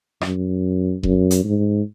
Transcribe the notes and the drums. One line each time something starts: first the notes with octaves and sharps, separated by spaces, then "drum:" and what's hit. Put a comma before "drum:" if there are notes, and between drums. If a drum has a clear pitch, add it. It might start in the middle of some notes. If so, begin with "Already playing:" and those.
F#2, drum: rim click
F#2, drum: kick E1
drum: hi-hat
G#2